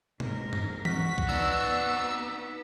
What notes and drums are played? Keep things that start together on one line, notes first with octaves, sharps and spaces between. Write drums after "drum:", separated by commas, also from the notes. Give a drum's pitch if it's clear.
G#2 A#4, drum: tom
drum: tom F#2
F#4 B6, drum: tom E3
drum: kick
B3 D#4 D5 E6